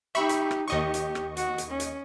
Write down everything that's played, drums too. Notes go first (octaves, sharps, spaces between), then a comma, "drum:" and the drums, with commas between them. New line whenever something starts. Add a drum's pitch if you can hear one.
D#4 G4 E5 B5 C#6
drum: hi-hat
drum: rim click
D#2 G4 D#5 C#6
drum: hi-hat
drum: rim click
F#4, drum: hi-hat
drum: hi-hat
C#4
drum: hi-hat